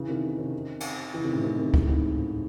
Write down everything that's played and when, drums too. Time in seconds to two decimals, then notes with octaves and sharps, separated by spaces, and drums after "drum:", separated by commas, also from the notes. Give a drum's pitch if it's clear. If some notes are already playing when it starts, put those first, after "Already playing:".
Already playing: C#3 E3
0.09 C3 D#3
0.38 C3 D#3
0.80 drum: cymbal
1.13 C#3 E3
1.23 C3 D#3
1.33 A2 C#3
1.44 C3 D#3
1.59 C3 D#3
1.74 A2 C#3, drum: kick C#2
1.88 G#2 C3